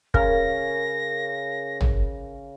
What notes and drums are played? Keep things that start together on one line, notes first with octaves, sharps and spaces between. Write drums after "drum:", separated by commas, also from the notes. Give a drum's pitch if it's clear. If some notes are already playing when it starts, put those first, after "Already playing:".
C#3 A#4 A#6, drum: kick
drum: tom